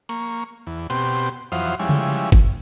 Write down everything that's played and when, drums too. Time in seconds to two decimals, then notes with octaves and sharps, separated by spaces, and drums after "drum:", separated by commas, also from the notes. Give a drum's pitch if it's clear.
0.09 A#3 C#6, drum: hi-hat
0.67 E2
0.90 B2 C4 G4 C6, drum: hi-hat
1.52 F2 E3 F#3 C5 F5 D#6
1.80 F3 G3 G#3 C#4 E4
1.89 drum: tom C#3
2.32 drum: kick